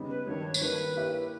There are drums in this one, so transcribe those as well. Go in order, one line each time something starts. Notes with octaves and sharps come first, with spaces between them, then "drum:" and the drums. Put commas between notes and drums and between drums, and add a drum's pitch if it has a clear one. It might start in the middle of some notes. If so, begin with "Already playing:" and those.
Already playing: C#3 G3 B3 D#4
B4
G2 D#3 G3 C#5
C#5, drum: tambourine
G2 D#3 A#3 B4
A#3 E4 G4 C#5 E5